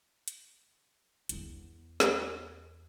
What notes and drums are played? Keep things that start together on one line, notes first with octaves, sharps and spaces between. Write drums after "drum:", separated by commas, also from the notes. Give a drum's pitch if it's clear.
drum: hi-hat
E2 B3, drum: hi-hat
drum: snare